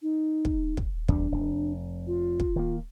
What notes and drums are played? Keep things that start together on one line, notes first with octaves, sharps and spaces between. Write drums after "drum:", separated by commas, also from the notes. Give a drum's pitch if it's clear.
D#4
drum: kick
drum: kick
E2 G3 D4, drum: kick
F1
F4
drum: kick
D#3 A#3